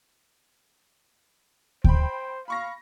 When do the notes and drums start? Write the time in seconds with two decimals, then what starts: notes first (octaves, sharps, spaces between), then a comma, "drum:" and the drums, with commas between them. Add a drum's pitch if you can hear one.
1.84 C5 G5 B5, drum: kick D2
2.48 F5 B5 C#6 A#6